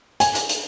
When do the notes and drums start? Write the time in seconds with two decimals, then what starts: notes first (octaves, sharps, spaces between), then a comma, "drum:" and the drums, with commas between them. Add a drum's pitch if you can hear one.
0.20 G#5, drum: hi-hat
0.35 drum: hi-hat
0.49 drum: hi-hat